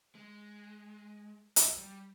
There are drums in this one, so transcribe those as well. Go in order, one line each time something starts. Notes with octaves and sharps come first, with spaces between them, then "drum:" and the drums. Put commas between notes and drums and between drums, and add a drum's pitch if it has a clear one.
G#3
drum: hi-hat
G3